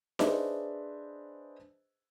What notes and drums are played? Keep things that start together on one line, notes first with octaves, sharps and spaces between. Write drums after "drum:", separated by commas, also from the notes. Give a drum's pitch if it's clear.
D4 G#4 B4 C5 D#5 E5, drum: snare D#4